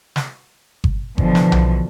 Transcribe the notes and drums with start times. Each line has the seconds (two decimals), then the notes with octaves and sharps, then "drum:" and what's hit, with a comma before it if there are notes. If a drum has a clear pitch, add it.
0.16 drum: snare
0.84 drum: kick G1
1.18 B2 D3 E3 F3, drum: kick G1
1.35 drum: snare
1.52 drum: tom B1